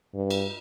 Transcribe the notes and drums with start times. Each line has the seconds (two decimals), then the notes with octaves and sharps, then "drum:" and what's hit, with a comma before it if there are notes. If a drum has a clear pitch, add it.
0.14 G2
0.30 drum: cymbal